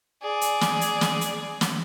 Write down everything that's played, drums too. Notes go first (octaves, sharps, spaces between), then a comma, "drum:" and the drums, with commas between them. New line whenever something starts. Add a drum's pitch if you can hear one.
G#4 D5
drum: hi-hat
drum: snare
drum: hi-hat
drum: snare
drum: hi-hat
drum: snare